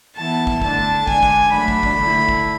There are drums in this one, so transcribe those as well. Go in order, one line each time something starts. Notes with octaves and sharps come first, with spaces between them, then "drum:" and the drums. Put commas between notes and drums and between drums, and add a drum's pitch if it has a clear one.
E3 B3 E4 A5
drum: kick
D3 A3 D4 A5, drum: kick
D3 G#3 D4 G#5, drum: kick
drum: kick
F#3 A3 D4 B5
drum: kick
drum: kick
D3 A3 E4
drum: kick